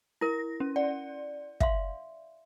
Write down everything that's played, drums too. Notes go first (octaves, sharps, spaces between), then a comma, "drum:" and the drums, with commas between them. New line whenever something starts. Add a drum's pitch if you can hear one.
E4 A#4 A#6
C#4
D5 F#5
E5 F5 C6, drum: kick